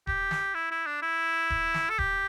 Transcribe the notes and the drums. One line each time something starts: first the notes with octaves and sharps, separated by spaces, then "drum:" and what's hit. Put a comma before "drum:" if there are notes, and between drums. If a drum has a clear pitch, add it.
G4, drum: kick D#1
drum: snare
E4
E4
D4
E4
drum: kick D#1
drum: snare
A4
G4, drum: kick D#1